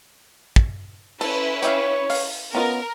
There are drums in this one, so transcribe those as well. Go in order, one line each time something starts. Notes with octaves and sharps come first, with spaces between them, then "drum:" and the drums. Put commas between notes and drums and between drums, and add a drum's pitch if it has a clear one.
drum: kick
C#4 E4 A4 B4, drum: cymbal
G4 C#5 E5 F5, drum: hi-hat
F5, drum: open hi-hat
B3 C#4 F4 A#4 D#5